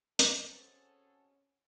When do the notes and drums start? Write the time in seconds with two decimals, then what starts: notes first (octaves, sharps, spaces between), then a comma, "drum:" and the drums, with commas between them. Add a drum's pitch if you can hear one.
0.19 B2 G#3 C4 C#4 G#4 A4 F#5, drum: hi-hat